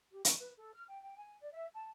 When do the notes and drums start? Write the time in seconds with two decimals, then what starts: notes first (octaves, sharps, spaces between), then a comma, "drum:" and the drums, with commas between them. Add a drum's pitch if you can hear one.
0.11 G4
0.25 C#6, drum: hi-hat
0.39 B4
0.56 A4
0.74 F6
0.88 G5
1.03 G5
1.16 G#5
1.40 D5
1.53 E5
1.74 A5